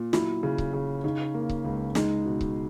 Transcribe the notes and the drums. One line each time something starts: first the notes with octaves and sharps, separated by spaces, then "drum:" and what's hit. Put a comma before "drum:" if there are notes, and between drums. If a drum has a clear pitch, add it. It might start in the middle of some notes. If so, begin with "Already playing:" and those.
Already playing: A#2
F#3 E4, drum: snare
C#3
drum: kick C#1
C#3
C#3 D#4
A#3
drum: kick C#1
C#2
G#3 D#4, drum: snare
B2
drum: kick C#1